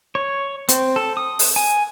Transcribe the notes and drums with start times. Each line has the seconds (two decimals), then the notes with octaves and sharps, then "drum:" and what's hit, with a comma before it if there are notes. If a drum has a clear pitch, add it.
0.15 C#5
0.69 C4, drum: hi-hat
0.96 A4
1.17 D#6
1.39 drum: open hi-hat
1.56 G#5